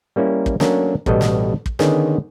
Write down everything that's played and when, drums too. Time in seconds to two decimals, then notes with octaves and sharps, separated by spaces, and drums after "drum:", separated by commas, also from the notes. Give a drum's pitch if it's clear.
0.16 G3 A#3 C#4 E4
0.46 drum: kick
0.60 F#3 A3 A#3 C#4 D4 A#4, drum: snare
1.06 A1 B2 G3 B3 A4 D#5, drum: kick
1.21 drum: snare
1.66 drum: kick
1.79 D3 D#3 B3 C#4 G#4, drum: snare